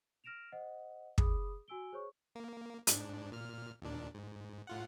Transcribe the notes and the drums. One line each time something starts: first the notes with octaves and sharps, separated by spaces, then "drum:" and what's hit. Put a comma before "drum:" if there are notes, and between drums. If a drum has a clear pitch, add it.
F6 A#6 D7 E7 F7
C5 D#5 F#5
G#4 B5 D6 D#6, drum: kick
F#4 G#5 E6 D7 G7
G#4 C5 C#5 C#6
A#3
G#2 D4, drum: hi-hat
A#2 F6
D#2 A#2 D4
G#2
A2 F4 F#5